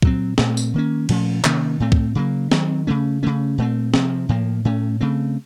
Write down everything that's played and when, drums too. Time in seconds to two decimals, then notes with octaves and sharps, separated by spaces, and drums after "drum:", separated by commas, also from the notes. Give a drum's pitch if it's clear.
0.02 A#2 F#3 C4, drum: kick
0.38 A#2 A3 C4, drum: snare
0.57 drum: tambourine
0.74 D#3 A#3 C#4
1.09 A#2 F3 A3 C#4, drum: cymbal
1.44 C3 D#3 A#3 C#4, drum: clap
1.80 A2 A3 C4
1.92 drum: kick
2.15 C#3 F#3 A#3
2.52 D#3 F#3 C4, drum: snare
2.87 C#3 A3 C#4
3.23 C#3 A3 C#4
3.58 A#2 A3 C4
3.94 C3 F3 C4, drum: snare
4.29 A2 F3 A#3
4.65 A2 A3 C#4
5.01 C#3 A3 C4